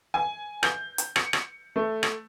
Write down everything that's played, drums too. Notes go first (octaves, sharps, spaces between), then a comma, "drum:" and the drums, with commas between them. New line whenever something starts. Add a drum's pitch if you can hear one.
G#5
G6, drum: rim click
drum: hi-hat
C#7, drum: rim click
drum: rim click
A3
drum: rim click